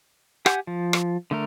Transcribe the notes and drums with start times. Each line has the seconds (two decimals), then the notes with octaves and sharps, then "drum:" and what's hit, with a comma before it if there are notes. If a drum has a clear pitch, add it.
0.46 G4 F#5 G#5 G6, drum: rim click
0.67 F3
0.93 drum: rim click
1.31 D3 A3 A#4